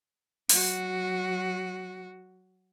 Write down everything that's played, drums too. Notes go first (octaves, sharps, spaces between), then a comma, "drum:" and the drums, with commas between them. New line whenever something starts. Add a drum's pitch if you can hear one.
F#3 F#4, drum: open hi-hat